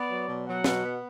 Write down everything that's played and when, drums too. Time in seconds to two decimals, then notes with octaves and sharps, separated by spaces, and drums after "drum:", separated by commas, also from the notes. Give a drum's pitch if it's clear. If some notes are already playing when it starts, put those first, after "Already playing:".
Already playing: B3 D5
0.11 F#3
0.29 B2
0.47 F#3 F#5
0.64 B2, drum: snare
0.83 B3